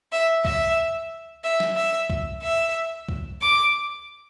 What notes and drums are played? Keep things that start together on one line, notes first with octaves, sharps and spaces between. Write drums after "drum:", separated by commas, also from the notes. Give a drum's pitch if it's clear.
E5
E5, drum: kick C2
E5
drum: snare
E5
drum: kick C2
E5
drum: kick C2
D6